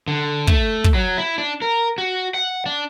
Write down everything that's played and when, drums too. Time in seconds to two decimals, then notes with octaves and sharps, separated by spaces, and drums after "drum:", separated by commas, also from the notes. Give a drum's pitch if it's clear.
0.08 D3
0.47 A3, drum: kick
0.84 drum: kick
0.94 F#3
1.17 E4
1.38 D4
1.62 A#4
1.98 F#4
2.34 F#5
2.66 D4